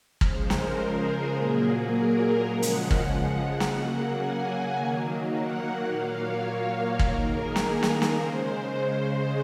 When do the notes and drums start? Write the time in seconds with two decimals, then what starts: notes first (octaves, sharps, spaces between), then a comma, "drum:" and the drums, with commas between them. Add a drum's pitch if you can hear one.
0.21 C#3 F3 G#3 C5, drum: kick
0.50 A#4, drum: snare
0.78 G#4
1.35 A#2 F#3 A#3
1.91 A#4
2.47 C#3 F3 G#3 F#5
2.62 drum: hi-hat
2.91 drum: kick
3.60 C#3 F#3 A#3 F#5, drum: snare
3.89 F#5
4.16 G#5
4.45 G#5
4.73 D#3 F#3 A#3
5.30 F#5
5.86 A#2 F#3 A#3 F5
6.15 C#5
6.99 D#3 A#3 A#4, drum: kick
7.28 G#4
7.56 A#4, drum: snare
7.83 drum: snare
8.02 drum: snare
8.12 C#3 G#3 C5